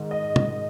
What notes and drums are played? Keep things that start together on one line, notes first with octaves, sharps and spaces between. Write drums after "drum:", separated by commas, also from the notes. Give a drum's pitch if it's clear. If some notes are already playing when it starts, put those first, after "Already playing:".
Already playing: G#2 D#3
D#5
drum: tom